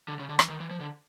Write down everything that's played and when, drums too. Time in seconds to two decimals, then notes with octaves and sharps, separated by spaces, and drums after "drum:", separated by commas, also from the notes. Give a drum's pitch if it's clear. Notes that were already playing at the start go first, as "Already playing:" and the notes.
0.08 D3
0.19 C#3
0.29 D3
0.39 E3, drum: rim click
0.50 D#3
0.60 E3
0.71 F3
0.80 D3